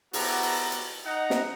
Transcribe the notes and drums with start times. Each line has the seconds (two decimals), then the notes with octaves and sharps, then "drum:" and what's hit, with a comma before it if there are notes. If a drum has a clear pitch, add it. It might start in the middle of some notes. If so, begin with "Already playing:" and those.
0.13 B3 E4 F#4 G4 A5 A#5, drum: open hi-hat
0.43 drum: open hi-hat
0.72 drum: hi-hat
1.05 D#4 D#5 F#5 A#5
1.30 drum: snare